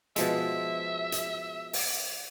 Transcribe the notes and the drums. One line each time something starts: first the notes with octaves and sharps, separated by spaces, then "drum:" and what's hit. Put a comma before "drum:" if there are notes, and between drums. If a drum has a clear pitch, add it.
B2 F3 G#3 E5, drum: hi-hat
drum: hi-hat
drum: open hi-hat